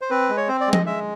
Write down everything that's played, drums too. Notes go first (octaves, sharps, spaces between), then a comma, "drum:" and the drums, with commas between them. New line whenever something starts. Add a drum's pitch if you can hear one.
C5
C4 B4
G#3
C#5
C4 C5
D5
G#3
D#5, drum: tom F3
G#3 E5